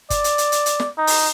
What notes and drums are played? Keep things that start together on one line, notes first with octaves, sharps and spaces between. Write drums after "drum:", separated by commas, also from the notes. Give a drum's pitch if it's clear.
D5, drum: kick, hi-hat
drum: hi-hat
drum: hi-hat
drum: hi-hat
drum: hi-hat
drum: snare
D#4
drum: open hi-hat